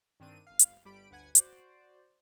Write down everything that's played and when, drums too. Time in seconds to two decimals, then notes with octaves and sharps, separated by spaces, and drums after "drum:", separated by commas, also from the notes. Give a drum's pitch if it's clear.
0.20 G2 D#3 C4 D4 D#7
0.47 G1 F5
0.59 drum: hi-hat
0.85 G1 G3 G4 B5 D7
1.11 G1 D2 B4 F#5 G#5 G#6
1.35 F#4 C5 D5, drum: hi-hat